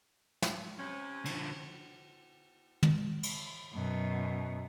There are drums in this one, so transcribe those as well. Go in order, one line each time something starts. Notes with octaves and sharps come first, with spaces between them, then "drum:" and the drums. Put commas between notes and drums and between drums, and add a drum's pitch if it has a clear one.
drum: snare
C3 C#4
D3 F3, drum: cymbal
drum: tom
drum: cymbal
F#2 B2